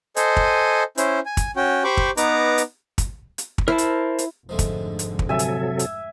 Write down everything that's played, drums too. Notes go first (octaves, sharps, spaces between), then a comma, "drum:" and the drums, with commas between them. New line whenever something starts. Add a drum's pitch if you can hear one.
A4 C5 D#5 G#5, drum: hi-hat
drum: kick
C#4 E4 C5, drum: hi-hat
G#5
drum: kick, hi-hat
C#4 F#4 G5
G4 C5 B5 C#6 D6
drum: kick
B3 D#4 B4 A#5 D6, drum: hi-hat
drum: hi-hat
drum: kick, hi-hat
drum: hi-hat
drum: kick
E4 A#4 C5 A5
drum: hi-hat
drum: hi-hat
F1 G#2 D3 F3 G#3 A3
drum: kick, hi-hat
drum: hi-hat
drum: kick
C3 F#3 A4 E5 G#5
drum: hi-hat
drum: hi-hat